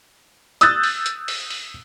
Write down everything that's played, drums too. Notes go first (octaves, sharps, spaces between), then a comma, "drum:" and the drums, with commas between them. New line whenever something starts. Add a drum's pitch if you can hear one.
D#6 E6 F#6 G6 A6, drum: hi-hat
drum: open hi-hat
drum: hi-hat
drum: open hi-hat
drum: open hi-hat